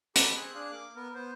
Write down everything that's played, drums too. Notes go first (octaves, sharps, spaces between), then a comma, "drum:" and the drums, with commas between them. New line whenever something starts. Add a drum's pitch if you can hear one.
G4 A4 B5, drum: hi-hat
C4 G#4 F#6
D4 G#4 F5 F#6
A#3 D6
B3 A#4
B3 C5